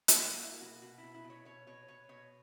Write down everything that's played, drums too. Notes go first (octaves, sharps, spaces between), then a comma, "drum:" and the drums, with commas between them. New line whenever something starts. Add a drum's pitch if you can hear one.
drum: hi-hat
A#3 F#4
A#3 E4
G#4
B2 F#4
B2 F#4
E4
B2
E4
B2
C#5
B2 C#5
B2 C#5
B2 C#5
B2 C#5